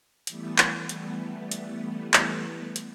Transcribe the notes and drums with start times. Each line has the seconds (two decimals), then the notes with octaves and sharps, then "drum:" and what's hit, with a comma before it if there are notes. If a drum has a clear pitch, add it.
0.27 E3 G3 A3 B3, drum: hi-hat
0.58 drum: clap
0.89 drum: hi-hat
1.51 drum: hi-hat
2.14 drum: clap
2.76 drum: hi-hat